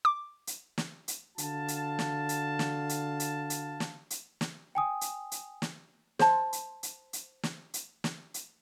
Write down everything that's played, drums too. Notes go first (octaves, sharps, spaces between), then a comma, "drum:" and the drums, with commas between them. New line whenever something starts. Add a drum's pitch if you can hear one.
D6
drum: hi-hat
drum: snare
drum: hi-hat
D3 F#4 F5 A5, drum: hi-hat
drum: hi-hat
drum: snare
drum: hi-hat
drum: snare
drum: hi-hat
drum: hi-hat
drum: hi-hat
drum: snare
drum: hi-hat
drum: snare
G5 G#5 D#6
drum: hi-hat
drum: hi-hat
drum: snare
C5 A5, drum: snare
drum: hi-hat
drum: hi-hat
drum: hi-hat
drum: snare
drum: hi-hat
drum: snare
drum: hi-hat